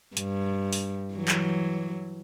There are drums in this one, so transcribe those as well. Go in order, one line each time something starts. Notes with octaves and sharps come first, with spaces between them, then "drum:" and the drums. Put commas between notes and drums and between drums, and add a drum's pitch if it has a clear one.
G2, drum: hi-hat
drum: open hi-hat
E3 F#3
drum: clap